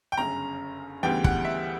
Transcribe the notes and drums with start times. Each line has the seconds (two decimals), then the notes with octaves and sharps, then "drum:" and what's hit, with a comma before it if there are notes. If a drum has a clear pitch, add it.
0.12 G5
0.17 G1 F#2 C#3 A#5
1.03 D2 C#3 E3 G3 B3 G5
1.24 F#5, drum: kick
1.45 E5